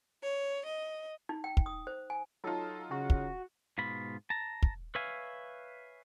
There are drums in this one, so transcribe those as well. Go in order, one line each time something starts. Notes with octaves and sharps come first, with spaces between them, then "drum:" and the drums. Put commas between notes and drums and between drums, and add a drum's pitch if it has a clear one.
C#5
D#5
D#4
G5
drum: kick
D#6
C5
G#5
F#3 D#4 F4 A4
C#3 F#4
drum: kick
G#2 B2 F4 B5
A5 A#5
drum: kick
B4 C#5 E5 F5 G#5